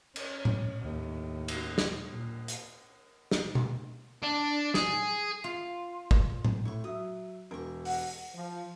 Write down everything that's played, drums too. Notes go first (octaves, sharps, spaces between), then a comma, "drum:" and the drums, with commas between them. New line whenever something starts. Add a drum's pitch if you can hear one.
C#4, drum: cymbal
drum: tom A2
D#2 A2
drum: cymbal
drum: snare
A#2
drum: hi-hat
drum: snare
drum: tom B2
D4
G#4, drum: snare
F4
drum: kick
drum: tom A2
A2 C#5 C#6
F#3 E5 D#6
E1 A#4 C#6
F#5, drum: open hi-hat
F3